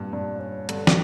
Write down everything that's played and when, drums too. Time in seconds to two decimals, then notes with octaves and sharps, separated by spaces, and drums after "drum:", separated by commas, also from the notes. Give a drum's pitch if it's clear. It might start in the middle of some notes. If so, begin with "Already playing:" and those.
Already playing: G2 A#2
0.13 G2 D4
0.40 C#4
0.69 G2 D3, drum: hi-hat
0.87 drum: snare